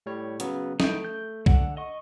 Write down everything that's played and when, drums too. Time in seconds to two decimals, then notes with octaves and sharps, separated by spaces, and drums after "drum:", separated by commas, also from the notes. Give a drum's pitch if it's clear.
0.06 A2 G3 C#5
0.40 C#3 F#3 B3, drum: hi-hat
0.80 A3 D#4 E4 G5, drum: snare
1.04 G6
1.46 D3 F#5, drum: kick B1
1.77 D#5 C#6